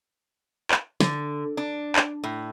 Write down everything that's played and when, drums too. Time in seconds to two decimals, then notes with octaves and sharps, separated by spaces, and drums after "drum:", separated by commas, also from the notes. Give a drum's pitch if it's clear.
0.71 drum: clap
1.00 D3, drum: snare
1.57 D4
1.96 drum: clap
2.24 A2